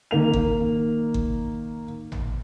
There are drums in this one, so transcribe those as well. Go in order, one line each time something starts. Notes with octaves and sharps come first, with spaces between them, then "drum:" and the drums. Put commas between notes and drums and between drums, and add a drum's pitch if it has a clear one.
D#3 A#3 F7
drum: kick G1
drum: kick G1
drum: tom G#1